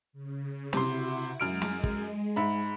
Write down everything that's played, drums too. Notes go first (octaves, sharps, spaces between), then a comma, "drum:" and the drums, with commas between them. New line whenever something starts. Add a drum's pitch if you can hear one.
C#3
C3 E4 F#4 C6, drum: snare
F#2 G#3 F6 D7
drum: snare
drum: kick
G#2 E5 B5